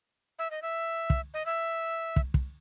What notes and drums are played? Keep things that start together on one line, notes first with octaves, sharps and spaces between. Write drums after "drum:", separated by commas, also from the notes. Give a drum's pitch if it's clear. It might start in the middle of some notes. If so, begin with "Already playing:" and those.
E5
D#5
E5
drum: kick
D#5
E5
drum: kick
drum: kick